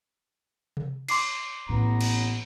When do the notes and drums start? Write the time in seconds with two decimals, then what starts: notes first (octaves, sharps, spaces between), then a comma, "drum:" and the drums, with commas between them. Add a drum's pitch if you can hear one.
0.77 drum: tom C3
1.09 C6 D6 C7, drum: cymbal
1.69 A1 A2 A#3 B3 A#5
2.01 drum: cymbal